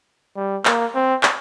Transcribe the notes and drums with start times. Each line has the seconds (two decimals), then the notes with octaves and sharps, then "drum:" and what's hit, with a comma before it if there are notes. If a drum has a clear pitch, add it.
0.37 G3
0.65 A#3, drum: clap
0.95 C4
1.23 drum: clap